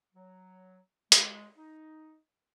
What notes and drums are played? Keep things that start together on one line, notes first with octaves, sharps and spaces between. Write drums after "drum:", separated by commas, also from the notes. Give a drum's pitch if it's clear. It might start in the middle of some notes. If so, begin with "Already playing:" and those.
F#3
G#3, drum: hi-hat
D#4